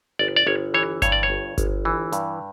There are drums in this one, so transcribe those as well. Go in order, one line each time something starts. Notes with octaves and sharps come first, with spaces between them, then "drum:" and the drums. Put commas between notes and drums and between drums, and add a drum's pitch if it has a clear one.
G1 D5
D5
G1 C#5
E3 C#5
G2 C#5, drum: kick G1, hi-hat
D5
C#5
G1
G1, drum: kick G1, hi-hat
E3
G2, drum: hi-hat